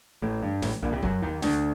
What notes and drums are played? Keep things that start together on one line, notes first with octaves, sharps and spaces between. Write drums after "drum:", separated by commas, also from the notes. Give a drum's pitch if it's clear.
A1 A2
G2
A1 A2, drum: snare
A#1 A#2
C2 C3
F#2 F#3, drum: kick
D#2 D#3
D2 D3, drum: snare